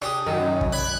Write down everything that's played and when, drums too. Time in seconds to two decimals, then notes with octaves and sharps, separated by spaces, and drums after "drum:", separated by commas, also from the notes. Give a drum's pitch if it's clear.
0.02 D4 G4 G#4, drum: rim click
0.26 F#2 D#3
0.61 drum: kick
0.72 D5 B5 F#6 G#6